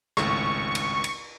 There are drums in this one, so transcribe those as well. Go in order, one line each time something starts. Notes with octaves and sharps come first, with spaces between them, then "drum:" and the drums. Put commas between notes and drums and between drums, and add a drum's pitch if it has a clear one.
G#1 C#2 A2 C#6, drum: rim click
drum: cymbal
drum: cymbal